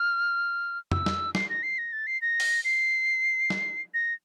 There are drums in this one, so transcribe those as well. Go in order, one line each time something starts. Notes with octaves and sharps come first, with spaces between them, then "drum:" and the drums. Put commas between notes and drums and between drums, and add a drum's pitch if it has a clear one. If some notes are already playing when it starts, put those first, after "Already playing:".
Already playing: F6
E6, drum: tom F2
drum: snare
C7, drum: snare
A#6
C7
A#6
A6
C7
A#6
drum: open hi-hat
C7
drum: snare
A#6